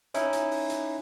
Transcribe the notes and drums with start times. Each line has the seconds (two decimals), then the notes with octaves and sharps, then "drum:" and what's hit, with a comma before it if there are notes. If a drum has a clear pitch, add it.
0.14 C#4 D#4 E4, drum: hi-hat
0.33 drum: hi-hat
0.51 drum: open hi-hat
0.70 drum: hi-hat